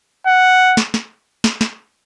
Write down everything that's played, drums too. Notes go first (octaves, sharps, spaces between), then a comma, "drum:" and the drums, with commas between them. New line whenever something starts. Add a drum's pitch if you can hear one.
F#5
drum: snare
drum: snare
drum: snare
drum: snare